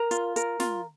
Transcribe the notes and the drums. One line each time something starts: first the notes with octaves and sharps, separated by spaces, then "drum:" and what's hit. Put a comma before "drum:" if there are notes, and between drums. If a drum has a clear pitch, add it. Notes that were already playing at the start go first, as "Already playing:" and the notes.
Already playing: A#4 A#5
F4, drum: hi-hat
A#4, drum: hi-hat
F4, drum: snare